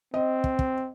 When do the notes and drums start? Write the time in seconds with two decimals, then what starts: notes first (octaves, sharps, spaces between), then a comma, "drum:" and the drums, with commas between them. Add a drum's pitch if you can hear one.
0.14 C4 D#5
0.44 drum: kick
0.59 drum: kick